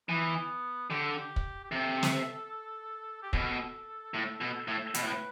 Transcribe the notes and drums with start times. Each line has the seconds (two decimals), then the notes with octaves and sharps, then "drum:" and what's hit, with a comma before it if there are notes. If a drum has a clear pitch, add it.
0.09 E3 B3
0.90 D3 G4
1.03 A4
1.16 G4
1.36 drum: kick
1.63 G4
1.71 C3 A4
2.03 drum: snare
3.22 G4
3.33 B2 A4, drum: kick
4.14 A2
4.41 B2
4.68 A2
4.94 B2 B4, drum: hi-hat
5.03 A2